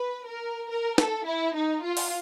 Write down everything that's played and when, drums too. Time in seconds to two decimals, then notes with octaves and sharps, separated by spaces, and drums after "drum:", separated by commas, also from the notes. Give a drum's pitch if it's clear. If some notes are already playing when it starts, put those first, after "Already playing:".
Already playing: B4
0.26 A#4
0.70 A#4
0.98 A4, drum: snare
1.27 E4
1.55 D#4
1.84 F4
1.97 drum: open hi-hat